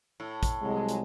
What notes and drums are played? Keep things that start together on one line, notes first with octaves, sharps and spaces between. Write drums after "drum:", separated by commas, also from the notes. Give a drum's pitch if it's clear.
A2
drum: kick, hi-hat
C2 F#3 G#3
drum: hi-hat